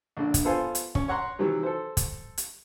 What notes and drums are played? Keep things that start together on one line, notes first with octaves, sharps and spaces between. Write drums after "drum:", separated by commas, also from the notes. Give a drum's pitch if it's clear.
A#1 D3 D4
drum: kick, hi-hat
B3 F4 A4 C5 F5 G#5
drum: hi-hat
C#4, drum: kick
C#5 F#5 A#5 C6
C3 D#3 E3 F#3
A4 C5
drum: kick, hi-hat
drum: hi-hat